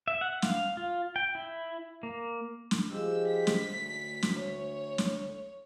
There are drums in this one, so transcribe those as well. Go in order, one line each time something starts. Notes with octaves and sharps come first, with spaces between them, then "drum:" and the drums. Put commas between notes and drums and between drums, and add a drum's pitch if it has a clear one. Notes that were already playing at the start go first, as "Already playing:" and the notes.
E5
F#5
F5, drum: snare
F4
G5
E4
A#3
drum: snare
F3 G#3 G4 E6
B6
drum: snare
D2
drum: snare
C#5
drum: snare